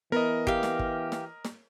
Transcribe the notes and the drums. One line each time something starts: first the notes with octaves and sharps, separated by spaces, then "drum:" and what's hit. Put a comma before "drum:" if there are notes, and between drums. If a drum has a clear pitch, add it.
E3 B3 A#4 D#5
G4 F5, drum: kick
drum: snare
drum: kick
drum: snare
drum: snare